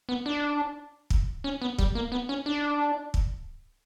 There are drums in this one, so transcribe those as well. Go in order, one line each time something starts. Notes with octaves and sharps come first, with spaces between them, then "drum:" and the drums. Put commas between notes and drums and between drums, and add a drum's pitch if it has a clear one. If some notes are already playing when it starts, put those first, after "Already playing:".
B3
D4
drum: kick
C#4
B3
G3, drum: kick
A#3
B3
C#4
D4
drum: kick